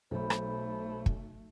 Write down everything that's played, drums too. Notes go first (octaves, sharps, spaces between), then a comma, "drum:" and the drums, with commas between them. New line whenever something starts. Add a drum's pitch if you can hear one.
B1 A3 A4 C5 B5
drum: rim click
drum: kick